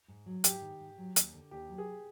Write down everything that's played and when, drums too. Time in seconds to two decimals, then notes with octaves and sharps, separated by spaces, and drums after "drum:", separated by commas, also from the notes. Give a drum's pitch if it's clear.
0.08 G#2
0.26 F#3
0.44 G#2 G4, drum: hi-hat
0.62 D#3
0.80 G#2
0.98 F#3
1.16 D#2, drum: hi-hat
1.34 D3
1.51 D#2 G4
1.69 F#3
1.78 G#4